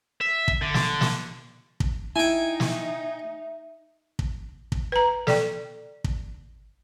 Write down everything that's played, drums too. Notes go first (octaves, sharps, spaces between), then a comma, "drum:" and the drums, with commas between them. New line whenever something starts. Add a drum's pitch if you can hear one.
E5
drum: kick
D3
drum: snare
drum: snare
drum: kick
D#4 E4 E5 G5 G#5
drum: snare
drum: kick
drum: kick
B4 A#5
A4 D5 G5, drum: snare
drum: kick